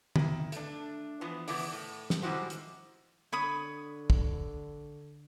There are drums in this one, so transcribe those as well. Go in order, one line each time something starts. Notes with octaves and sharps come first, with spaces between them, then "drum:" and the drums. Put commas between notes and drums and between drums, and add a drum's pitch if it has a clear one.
D#3 E4, drum: tom
A3 D4, drum: hi-hat
E3 F3 B3
C#3 E3 B3 E4 D5, drum: open hi-hat
A2
drum: snare
D#3 G3 G#3 E4 F#4 C5
drum: hi-hat
D3 C#5 B5 D#6
drum: kick